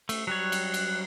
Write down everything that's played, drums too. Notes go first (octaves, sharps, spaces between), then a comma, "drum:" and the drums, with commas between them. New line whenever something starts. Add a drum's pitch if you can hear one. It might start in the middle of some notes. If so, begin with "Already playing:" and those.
A3, drum: cymbal
F#3 G3 C#5 F#6
drum: cymbal
drum: cymbal